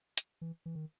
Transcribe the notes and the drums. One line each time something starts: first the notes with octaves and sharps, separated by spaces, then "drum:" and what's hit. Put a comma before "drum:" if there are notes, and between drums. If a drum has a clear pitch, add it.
drum: hi-hat
E3
E3
D#3